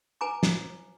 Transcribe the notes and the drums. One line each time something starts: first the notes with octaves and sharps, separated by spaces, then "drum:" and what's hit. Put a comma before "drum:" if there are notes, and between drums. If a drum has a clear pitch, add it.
B4 G#5 A#5 D6
drum: snare